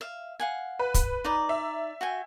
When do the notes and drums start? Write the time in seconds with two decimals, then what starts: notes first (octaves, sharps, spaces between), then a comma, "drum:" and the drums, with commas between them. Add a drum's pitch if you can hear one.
0.01 E5 F5
0.40 F5 F#5 G#5
0.79 B4
0.94 drum: kick, hi-hat
1.24 D#4 D5 A#5
1.49 E5
2.01 F#4 G5 G#5